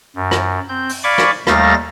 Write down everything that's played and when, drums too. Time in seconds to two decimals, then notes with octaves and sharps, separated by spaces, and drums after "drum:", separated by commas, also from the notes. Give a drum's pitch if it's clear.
0.16 F#2
0.31 drum: rim click
0.69 C4 G6
0.89 drum: open hi-hat
1.04 D5 F5 G#5 B5 C#6 D6
1.18 drum: rim click
1.47 D#2 G3 A3 F5 A6 A#6, drum: rim click